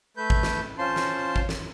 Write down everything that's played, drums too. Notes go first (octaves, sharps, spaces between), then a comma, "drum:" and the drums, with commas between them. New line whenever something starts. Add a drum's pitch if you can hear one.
A3 B4 G6
drum: kick G#1
drum: snare
C#4 F4 C5 A5 C6
drum: snare
drum: kick G#1
drum: snare